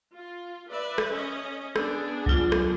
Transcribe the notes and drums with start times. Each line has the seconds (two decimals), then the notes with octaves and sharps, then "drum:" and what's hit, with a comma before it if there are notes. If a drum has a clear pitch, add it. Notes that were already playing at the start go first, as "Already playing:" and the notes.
0.13 F4
0.69 B4 D5 E5
0.98 drum: rim click
1.13 C#4 D#5
1.76 B3 D4 G#4 E6, drum: rim click
2.26 F#3 F4, drum: kick C2
2.52 drum: rim click